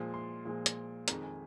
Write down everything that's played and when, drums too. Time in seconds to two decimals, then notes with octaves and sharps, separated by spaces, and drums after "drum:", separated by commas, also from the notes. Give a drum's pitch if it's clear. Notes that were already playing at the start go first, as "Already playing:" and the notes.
Already playing: A#2 F3 G#3
0.14 C6
0.45 A#2 F3 G#3
0.66 drum: hi-hat
1.08 F2 D#3 G#3 A#5, drum: hi-hat
1.23 G#5